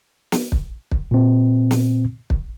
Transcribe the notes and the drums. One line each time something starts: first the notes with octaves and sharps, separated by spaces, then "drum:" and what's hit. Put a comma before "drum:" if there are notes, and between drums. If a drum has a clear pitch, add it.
drum: snare
drum: kick
drum: kick
A#2 C4
drum: snare
drum: kick